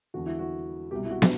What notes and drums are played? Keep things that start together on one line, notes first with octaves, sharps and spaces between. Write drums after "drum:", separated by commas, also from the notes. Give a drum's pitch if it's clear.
E2 D3 F#4
E4
F#4
C2 B2 G4
E4
F#4
D4, drum: snare